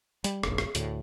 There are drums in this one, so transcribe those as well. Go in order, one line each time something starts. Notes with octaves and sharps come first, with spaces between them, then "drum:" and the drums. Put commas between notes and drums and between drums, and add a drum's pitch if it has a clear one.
G3, drum: hi-hat
F1 A#1, drum: rim click
drum: rim click
D2 A2, drum: hi-hat